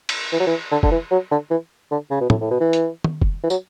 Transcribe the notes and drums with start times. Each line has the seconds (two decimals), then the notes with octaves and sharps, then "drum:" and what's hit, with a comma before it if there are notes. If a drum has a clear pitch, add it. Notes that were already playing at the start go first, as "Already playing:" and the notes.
0.09 drum: cymbal
0.32 E3
0.40 F#3
0.47 E3
0.72 D3
0.83 D3, drum: kick F1
0.91 E3
1.11 F#3
1.31 D3
1.51 E3
1.91 D3
2.11 C#3
2.21 B2
2.30 A2, drum: tom
2.41 A2
2.51 B2
2.60 E3
2.73 drum: hi-hat
3.04 drum: tom
3.22 drum: kick F1
3.43 E3
3.50 F#3, drum: tambourine